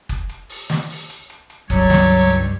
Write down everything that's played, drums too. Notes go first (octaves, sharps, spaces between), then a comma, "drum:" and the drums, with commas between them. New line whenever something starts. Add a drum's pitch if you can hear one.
drum: kick F#1, hi-hat
drum: hi-hat
drum: open hi-hat
drum: snare
drum: open hi-hat
drum: hi-hat
drum: hi-hat
drum: hi-hat
C#2 G2 F#3 G4 A4 C#5, drum: kick F#1, hi-hat
drum: snare
drum: hi-hat
drum: hi-hat